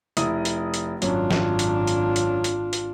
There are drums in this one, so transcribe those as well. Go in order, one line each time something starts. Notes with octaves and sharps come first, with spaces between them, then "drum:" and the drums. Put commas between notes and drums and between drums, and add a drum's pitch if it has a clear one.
F1 E4 D#6, drum: hi-hat
drum: hi-hat
drum: hi-hat
G#1 F#2 C#4 D4 F4, drum: hi-hat
drum: snare
drum: hi-hat
drum: hi-hat
drum: hi-hat
drum: hi-hat
drum: hi-hat